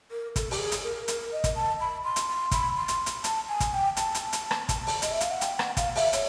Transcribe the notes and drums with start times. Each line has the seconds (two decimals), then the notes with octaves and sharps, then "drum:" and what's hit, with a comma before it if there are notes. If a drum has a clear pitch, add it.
0.11 A#4
0.36 A4, drum: kick, hi-hat
0.51 G4, drum: open hi-hat
0.59 G#4
0.72 drum: hi-hat
0.84 A#4
1.08 A#4, drum: hi-hat
1.32 D#5
1.44 drum: kick, hi-hat
1.55 A5
1.80 B5
2.04 C6
2.16 drum: hi-hat
2.29 C6
2.51 B5, drum: kick, hi-hat
2.77 C6
2.88 drum: hi-hat
3.06 drum: hi-hat
3.24 A5, drum: hi-hat
3.49 G#5
3.60 drum: kick, hi-hat
3.73 G5
3.97 A5, drum: hi-hat
4.15 drum: hi-hat
4.33 drum: hi-hat
4.51 drum: rim click
4.69 drum: kick, hi-hat
4.87 drum: open hi-hat
5.02 D#5, drum: hi-hat
5.11 E5
5.21 F5, drum: hi-hat
5.31 F#5
5.41 G5, drum: hi-hat
5.59 F#5, drum: rim click
5.77 F5, drum: kick, hi-hat
5.95 E5, drum: open hi-hat
6.13 C#5, drum: hi-hat